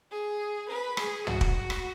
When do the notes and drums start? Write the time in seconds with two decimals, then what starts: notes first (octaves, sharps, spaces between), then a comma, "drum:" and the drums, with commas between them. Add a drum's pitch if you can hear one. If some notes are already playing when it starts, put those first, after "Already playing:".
0.10 G#4
0.68 B4
0.97 G#4, drum: rim click
1.27 F#4, drum: tom
1.41 drum: kick
1.56 F#4
1.70 drum: rim click